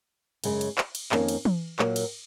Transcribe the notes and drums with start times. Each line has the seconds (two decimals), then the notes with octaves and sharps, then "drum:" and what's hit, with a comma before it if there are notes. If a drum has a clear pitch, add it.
0.44 F#2 C#3 G#3, drum: cymbal
0.61 drum: cymbal
0.78 drum: clap
0.95 drum: cymbal
1.12 F2 D#3 A#3 C#4, drum: clap
1.28 drum: cymbal
1.45 drum: tom E3
1.79 A#2 F#3 A#3, drum: clap
1.96 drum: cymbal